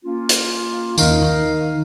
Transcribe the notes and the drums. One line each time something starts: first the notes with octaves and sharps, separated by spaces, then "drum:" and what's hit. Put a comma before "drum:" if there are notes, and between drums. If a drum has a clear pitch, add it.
A#3 C#4 F4
drum: hi-hat
D#2 D#3 A#4 D#5 F5, drum: tambourine
D#3